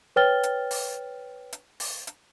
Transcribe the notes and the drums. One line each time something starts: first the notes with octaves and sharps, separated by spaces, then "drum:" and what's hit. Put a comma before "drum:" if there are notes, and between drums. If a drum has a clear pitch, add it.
B4 C#5 G5 F6 A6 G7
drum: hi-hat
drum: open hi-hat
drum: hi-hat
drum: open hi-hat
drum: hi-hat